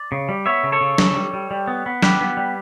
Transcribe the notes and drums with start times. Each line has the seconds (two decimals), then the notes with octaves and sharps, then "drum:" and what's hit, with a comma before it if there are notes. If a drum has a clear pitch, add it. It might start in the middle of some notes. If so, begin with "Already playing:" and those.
Already playing: D5
0.12 C#3
0.29 G3
0.46 B3 C#5 E5
0.64 C#3
0.72 A4 C#5
0.81 C#3
0.98 C#3, drum: snare
1.16 G3
1.33 G3
1.51 G3
1.67 B3
1.86 B3
2.03 G3 G4 B4, drum: snare
2.21 B3
2.37 G3